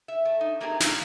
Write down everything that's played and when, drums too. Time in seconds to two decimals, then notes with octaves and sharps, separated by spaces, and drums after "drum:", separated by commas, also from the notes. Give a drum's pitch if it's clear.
0.08 E5
0.25 A3
0.41 D#4
0.60 A3 A#3 C4 D#4 G4 G#4
0.80 A2 D3 F5, drum: snare